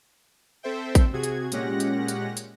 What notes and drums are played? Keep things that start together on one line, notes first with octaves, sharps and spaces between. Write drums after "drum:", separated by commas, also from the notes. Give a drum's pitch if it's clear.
C4 A4 C5 E5 G5
drum: kick, hi-hat
C3 F#4 G#4 G#6
drum: hi-hat
A#2 G#3 C#4 G4 F#5 A#6, drum: hi-hat
drum: hi-hat
drum: hi-hat
drum: hi-hat